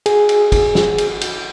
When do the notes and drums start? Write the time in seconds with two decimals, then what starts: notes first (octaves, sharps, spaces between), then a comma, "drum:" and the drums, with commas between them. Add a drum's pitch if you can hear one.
0.06 G#4, drum: cymbal
0.29 drum: cymbal
0.52 drum: kick, cymbal
0.75 drum: snare
0.98 drum: cymbal
1.21 drum: cymbal